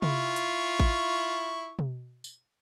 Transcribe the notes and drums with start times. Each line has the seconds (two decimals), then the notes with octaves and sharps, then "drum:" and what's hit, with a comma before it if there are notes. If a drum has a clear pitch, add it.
0.02 E4 F4 C#6, drum: tom C3
0.36 drum: hi-hat
0.80 drum: kick A1
1.79 drum: tom B2
2.24 drum: tambourine